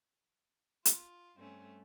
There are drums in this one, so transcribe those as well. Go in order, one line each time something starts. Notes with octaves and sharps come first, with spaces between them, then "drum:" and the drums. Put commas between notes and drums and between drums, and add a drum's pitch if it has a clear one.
F4, drum: hi-hat
G2 G3 A3 C4 C#4